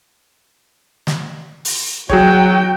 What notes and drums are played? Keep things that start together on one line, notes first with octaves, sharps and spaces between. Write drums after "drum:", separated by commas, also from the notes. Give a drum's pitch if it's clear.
drum: snare
drum: open hi-hat
F#3 F#4 G#4 C#5 G5, drum: kick